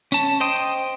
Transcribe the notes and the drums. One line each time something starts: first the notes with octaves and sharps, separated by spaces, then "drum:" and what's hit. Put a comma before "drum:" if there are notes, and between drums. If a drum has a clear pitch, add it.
C#4 A5, drum: tambourine
C5 D#5 G5 C6 D#6